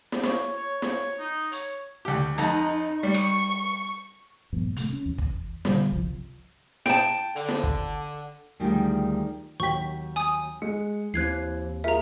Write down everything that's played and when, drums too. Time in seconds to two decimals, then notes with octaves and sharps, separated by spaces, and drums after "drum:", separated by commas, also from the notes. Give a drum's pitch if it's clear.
0.12 drum: snare
0.23 C#5, drum: snare
0.57 C#5
0.82 C#5, drum: snare
1.19 D#4
1.52 C#5, drum: hi-hat
2.05 D2 G4
2.38 F2 D#4, drum: hi-hat
3.03 G3 C#6
3.14 drum: rim click
4.53 G2 A#2 F3 B3
4.76 C3 A3, drum: hi-hat
4.90 C4 C#4
5.06 E2
5.18 drum: kick
5.65 B2 D3 F#3 G3, drum: snare
5.92 G1 C2 F3
6.86 G5 A5, drum: snare
7.36 D3, drum: hi-hat
7.49 drum: snare
7.64 drum: kick
8.60 D2 D#3 F3 G3 G#4 G5
9.60 D#2 F#3 G5 C#6 B6
10.16 G#5 D#6
10.62 G#3 C#7
11.14 D#2 E3 C4 F#6 G#6 C7
11.84 F4 G#4 A#4 E5 A#5